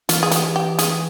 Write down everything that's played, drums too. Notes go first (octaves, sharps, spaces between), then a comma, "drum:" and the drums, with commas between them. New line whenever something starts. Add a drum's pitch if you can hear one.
E3 F4, drum: hi-hat
G#4
G4, drum: hi-hat
G4
G#4, drum: hi-hat